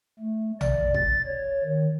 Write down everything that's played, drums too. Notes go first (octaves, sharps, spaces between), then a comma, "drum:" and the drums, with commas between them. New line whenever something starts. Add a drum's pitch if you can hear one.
A3
D5, drum: tom A#1
A6, drum: kick
C#5
D#3